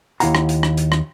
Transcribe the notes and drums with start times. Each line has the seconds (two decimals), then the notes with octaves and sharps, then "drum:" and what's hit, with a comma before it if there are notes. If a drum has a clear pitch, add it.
0.20 D#2 E4 F5 F#5 A#5, drum: hi-hat
0.35 drum: rim click
0.49 drum: hi-hat
0.63 drum: rim click
0.77 drum: hi-hat
0.92 drum: rim click